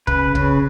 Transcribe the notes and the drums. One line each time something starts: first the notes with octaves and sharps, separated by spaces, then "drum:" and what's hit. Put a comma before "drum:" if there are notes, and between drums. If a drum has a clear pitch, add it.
C#3 B4, drum: kick
C#3, drum: kick